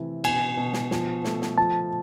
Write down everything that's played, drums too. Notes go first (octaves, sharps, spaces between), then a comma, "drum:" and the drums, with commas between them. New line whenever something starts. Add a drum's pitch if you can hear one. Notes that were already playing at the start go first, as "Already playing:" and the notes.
Already playing: C3 E3 A3
B2 G#5, drum: cymbal
B2
drum: snare
F3, drum: snare
A3, drum: snare
drum: snare
F3 A5